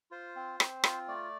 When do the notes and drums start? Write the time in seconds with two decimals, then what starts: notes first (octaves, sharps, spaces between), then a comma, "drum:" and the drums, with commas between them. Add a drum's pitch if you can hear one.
0.11 F4 C5
0.36 C4
0.60 C4, drum: rim click
0.84 F4, drum: rim click
1.08 A3 D5